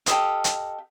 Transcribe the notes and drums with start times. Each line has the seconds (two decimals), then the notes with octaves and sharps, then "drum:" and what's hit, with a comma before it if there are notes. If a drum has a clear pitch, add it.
0.06 G4 A4 D#5 F5, drum: hi-hat
0.44 drum: hi-hat